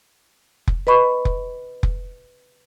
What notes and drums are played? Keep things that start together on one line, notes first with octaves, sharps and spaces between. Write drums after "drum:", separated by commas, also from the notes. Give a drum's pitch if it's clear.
drum: kick F1
B4 D#5 B5 C#6
drum: kick F1
drum: kick F1